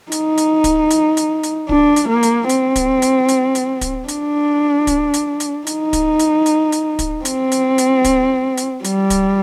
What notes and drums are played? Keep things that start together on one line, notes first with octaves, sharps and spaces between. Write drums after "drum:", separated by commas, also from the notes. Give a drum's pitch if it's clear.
D#4, drum: hi-hat
drum: hi-hat
drum: kick, hi-hat
drum: hi-hat
drum: hi-hat
drum: hi-hat
D4, drum: kick
drum: hi-hat
A#3
drum: hi-hat
C4, drum: hi-hat
drum: kick, hi-hat
drum: hi-hat
drum: hi-hat
drum: hi-hat
drum: kick, hi-hat
D4, drum: hi-hat
drum: kick, hi-hat
drum: hi-hat
drum: hi-hat
D#4, drum: hi-hat
drum: kick, hi-hat
drum: hi-hat
drum: hi-hat
drum: hi-hat
drum: kick, hi-hat
C4, drum: hi-hat
drum: hi-hat
drum: hi-hat
drum: kick, hi-hat
drum: hi-hat
G3, drum: hi-hat
drum: kick, hi-hat